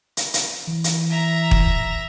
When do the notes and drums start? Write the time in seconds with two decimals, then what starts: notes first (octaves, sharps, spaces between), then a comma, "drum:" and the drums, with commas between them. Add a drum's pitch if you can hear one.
0.17 drum: hi-hat
0.34 drum: hi-hat
0.67 E3
0.84 drum: hi-hat
1.10 E5 A#5
1.51 drum: kick